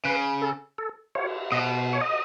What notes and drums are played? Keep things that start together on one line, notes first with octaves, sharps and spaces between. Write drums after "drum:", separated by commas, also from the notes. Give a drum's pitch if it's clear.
C#3 B4
A4
A4
C#5, drum: cymbal
B2 D#5
C#5
D#5